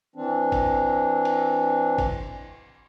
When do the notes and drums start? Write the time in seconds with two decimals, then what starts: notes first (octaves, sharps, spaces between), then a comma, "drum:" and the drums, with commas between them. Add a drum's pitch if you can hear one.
0.16 E3 C4 D4
0.52 drum: kick G1, cymbal
1.25 drum: cymbal
1.98 drum: kick G1, cymbal